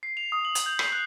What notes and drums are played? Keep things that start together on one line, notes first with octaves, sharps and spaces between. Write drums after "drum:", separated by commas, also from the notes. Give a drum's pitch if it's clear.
C7
F7
D#6
F#7
drum: hi-hat
G6
C7, drum: rim click
F#6